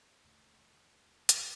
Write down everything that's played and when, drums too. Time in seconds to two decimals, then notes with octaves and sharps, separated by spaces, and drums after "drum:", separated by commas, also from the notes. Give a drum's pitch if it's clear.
0.25 D#2 B2 D3 A3
1.29 drum: hi-hat